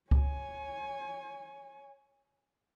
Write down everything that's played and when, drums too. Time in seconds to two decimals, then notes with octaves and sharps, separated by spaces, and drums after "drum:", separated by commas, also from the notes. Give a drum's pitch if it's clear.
0.11 C#5 G#5, drum: kick C#2